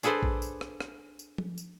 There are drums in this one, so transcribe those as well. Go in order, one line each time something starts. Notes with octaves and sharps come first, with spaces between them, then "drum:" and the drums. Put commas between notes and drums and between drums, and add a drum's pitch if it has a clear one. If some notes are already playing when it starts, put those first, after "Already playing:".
D4 G#4 A4 B4 C5 D5, drum: tambourine
drum: kick A#1
drum: tambourine
drum: rim click
drum: rim click
drum: tambourine
drum: tom F3
drum: tambourine